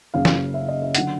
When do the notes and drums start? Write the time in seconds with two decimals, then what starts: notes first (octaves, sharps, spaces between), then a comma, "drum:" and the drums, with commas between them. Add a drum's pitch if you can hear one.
0.14 F#1 F#2 C#3 F5
0.25 drum: snare
0.54 E5
0.68 D#5
0.82 E5
0.95 D3 F#3 F#5, drum: hi-hat